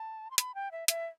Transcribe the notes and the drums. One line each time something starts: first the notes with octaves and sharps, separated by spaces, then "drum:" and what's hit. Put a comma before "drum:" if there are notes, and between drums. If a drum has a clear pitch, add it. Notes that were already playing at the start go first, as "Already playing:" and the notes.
Already playing: A5
C6
B5, drum: hi-hat
G5
E5
E5, drum: hi-hat